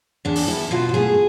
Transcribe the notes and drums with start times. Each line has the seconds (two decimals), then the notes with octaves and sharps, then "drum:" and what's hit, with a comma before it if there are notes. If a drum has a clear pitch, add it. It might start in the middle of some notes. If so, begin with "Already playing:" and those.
0.25 E2 D4
0.36 drum: open hi-hat
0.47 E2 E4
0.71 B2 F4
0.89 F4
0.94 A3 G#4